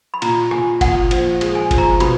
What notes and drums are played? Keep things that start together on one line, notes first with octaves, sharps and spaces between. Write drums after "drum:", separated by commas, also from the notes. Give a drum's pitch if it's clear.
B5
A#2 A#5, drum: cymbal
A#2 G#5, drum: rim click
A#2 F#5, drum: kick G1, cymbal
F3, drum: cymbal
G#3, drum: cymbal
G#5
F3, drum: kick G1, cymbal
A#5
B2 B5, drum: cymbal